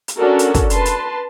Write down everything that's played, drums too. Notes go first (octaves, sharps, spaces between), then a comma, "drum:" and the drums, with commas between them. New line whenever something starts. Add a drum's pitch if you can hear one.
drum: hi-hat
C#4 D4 F#4 A4 A#4
drum: hi-hat
drum: kick, hi-hat
B4 A5 C6, drum: hi-hat
drum: hi-hat